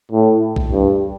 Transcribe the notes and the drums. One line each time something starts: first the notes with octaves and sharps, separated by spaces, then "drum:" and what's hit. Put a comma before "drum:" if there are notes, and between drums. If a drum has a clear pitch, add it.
A2
drum: kick B1
G2